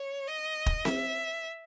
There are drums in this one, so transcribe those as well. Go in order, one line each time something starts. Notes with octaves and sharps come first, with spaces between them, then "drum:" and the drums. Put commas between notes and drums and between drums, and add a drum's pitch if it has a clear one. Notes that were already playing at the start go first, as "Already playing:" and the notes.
Already playing: C#5
D#5
drum: kick
E5, drum: snare C4